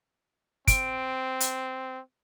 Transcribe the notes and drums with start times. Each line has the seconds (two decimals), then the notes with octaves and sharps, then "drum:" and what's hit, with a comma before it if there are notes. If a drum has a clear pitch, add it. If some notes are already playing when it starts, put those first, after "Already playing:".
0.68 C4 D7, drum: kick, hi-hat
1.40 drum: hi-hat